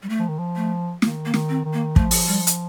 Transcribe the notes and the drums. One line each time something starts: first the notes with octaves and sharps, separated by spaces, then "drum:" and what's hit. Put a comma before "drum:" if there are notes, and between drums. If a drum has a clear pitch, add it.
G3
A3
F3
D#3
F3
A3
D#3 A#3, drum: snare
A#3
D#3, drum: snare
C4
D#3
A#3
F3 A3, drum: kick
drum: open hi-hat
G3
drum: hi-hat